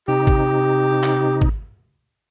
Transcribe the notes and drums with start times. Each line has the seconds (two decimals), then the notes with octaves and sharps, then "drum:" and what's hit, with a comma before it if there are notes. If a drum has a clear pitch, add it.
0.08 C3 D#4 G4
0.27 drum: kick G#1
1.03 drum: clap
1.41 drum: kick G#1